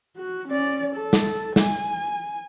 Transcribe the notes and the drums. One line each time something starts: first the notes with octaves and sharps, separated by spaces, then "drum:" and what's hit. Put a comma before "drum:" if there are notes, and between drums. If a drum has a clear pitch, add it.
F#4
C#4 D5
A4
drum: snare
G#5, drum: snare